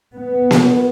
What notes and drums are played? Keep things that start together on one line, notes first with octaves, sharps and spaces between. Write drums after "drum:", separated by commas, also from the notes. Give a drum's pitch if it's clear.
B3
drum: snare A#3